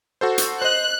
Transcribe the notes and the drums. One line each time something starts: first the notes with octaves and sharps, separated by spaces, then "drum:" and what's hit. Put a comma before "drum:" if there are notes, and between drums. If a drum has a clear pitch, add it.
F#4 A4 C5
drum: hi-hat
C5 D#5 F#6